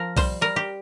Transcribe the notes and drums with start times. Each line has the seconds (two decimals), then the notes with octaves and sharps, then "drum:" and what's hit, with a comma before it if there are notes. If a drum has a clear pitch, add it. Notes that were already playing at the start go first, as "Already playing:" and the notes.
Already playing: F3 A#4
0.17 G3 C5, drum: kick B1, open hi-hat
0.41 G3 A#4
0.56 G4